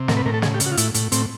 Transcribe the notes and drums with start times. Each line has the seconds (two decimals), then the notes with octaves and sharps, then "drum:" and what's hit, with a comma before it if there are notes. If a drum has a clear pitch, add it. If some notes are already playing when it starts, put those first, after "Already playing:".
Already playing: C3
0.08 A2 A#4, drum: snare
0.17 B4
0.25 A2 A#4
0.34 A4
0.42 C#3 G#4, drum: snare
0.54 G4
0.60 C#3, drum: hi-hat
0.66 F#4
0.72 F4
0.77 A2 E4, drum: hi-hat
0.94 A2, drum: hi-hat
1.12 A2 C4, drum: hi-hat